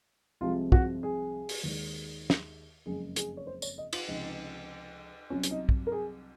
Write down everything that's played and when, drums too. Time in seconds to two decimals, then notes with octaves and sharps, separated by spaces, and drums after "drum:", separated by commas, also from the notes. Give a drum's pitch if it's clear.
0.41 C2 C3 F3 G#3 F4
0.72 F#4, drum: kick
1.03 G#4
1.49 drum: open hi-hat
1.63 D#2 D#3 G#3
2.30 drum: snare
2.86 F#1 F2 C#3 G#3 G#4
3.16 G#4, drum: hi-hat
3.37 C#5
3.47 C5
3.62 C#5, drum: tambourine
3.78 D#5
3.93 F4, drum: cymbal
4.08 C#2 C3 F3 G#3 D#4
5.30 C2 C3 F#3 C#4
5.44 C#4, drum: hi-hat
5.51 D#4
5.69 drum: kick
5.87 A#4
5.92 G#4